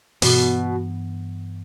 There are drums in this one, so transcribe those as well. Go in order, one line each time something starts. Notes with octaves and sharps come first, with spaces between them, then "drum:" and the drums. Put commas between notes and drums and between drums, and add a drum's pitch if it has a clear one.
G2 B2 E3 B3, drum: open hi-hat